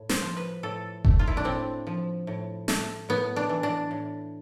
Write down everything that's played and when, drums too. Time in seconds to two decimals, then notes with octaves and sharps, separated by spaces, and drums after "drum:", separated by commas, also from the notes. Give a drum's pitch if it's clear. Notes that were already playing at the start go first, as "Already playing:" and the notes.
Already playing: A2
0.09 C5, drum: snare
0.22 F3
0.37 B4
0.63 A2 A4
1.04 A3, drum: kick F1
1.19 F4
1.28 E4
1.37 D4
1.45 A2 C4
1.87 F3
2.27 A2
2.68 A3, drum: snare
3.09 A2 B3
3.36 D4
3.49 E3
3.63 D4
3.91 A2